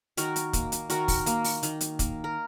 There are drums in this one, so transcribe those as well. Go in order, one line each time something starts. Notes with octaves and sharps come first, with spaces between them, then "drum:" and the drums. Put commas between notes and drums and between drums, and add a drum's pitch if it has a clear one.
D#3 F#4 A#4, drum: hi-hat
drum: hi-hat
A#3, drum: kick, hi-hat
drum: hi-hat
D#3 F#4 A#4, drum: hi-hat
drum: kick, open hi-hat
A#3, drum: hi-hat
drum: open hi-hat
D#3, drum: hi-hat
drum: hi-hat
A#3, drum: kick, hi-hat
A#4